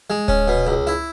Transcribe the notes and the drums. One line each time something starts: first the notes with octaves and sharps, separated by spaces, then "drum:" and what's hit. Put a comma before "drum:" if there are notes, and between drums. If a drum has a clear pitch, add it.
G#3
C#4, drum: kick D1
B2
C#2
E4